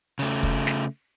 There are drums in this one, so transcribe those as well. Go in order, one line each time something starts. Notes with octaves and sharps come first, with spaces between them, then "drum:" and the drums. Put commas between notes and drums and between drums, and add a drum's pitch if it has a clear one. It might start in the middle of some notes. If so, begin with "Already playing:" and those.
C#3 A3, drum: open hi-hat
drum: kick
drum: snare